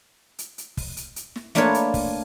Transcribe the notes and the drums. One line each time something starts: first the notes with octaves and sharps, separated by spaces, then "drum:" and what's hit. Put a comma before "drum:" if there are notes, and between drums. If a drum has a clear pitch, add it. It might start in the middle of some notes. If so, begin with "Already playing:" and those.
drum: hi-hat
drum: hi-hat
drum: kick, open hi-hat
drum: hi-hat
drum: hi-hat
drum: snare
A3 A#3 D4 F4 B4 C#5, drum: hi-hat
drum: hi-hat
drum: kick, open hi-hat